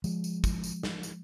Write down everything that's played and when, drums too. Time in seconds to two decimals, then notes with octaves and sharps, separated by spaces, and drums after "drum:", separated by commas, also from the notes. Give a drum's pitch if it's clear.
0.04 F3 G#3, drum: tambourine
0.24 drum: tambourine
0.44 drum: kick, tambourine
0.64 drum: tambourine
0.83 drum: snare
1.03 drum: tambourine